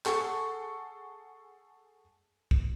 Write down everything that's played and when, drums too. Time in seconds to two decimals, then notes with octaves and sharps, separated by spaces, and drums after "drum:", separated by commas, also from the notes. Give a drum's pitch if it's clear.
0.06 G#4 A4 F#5 A5 C#6, drum: clap
2.51 drum: kick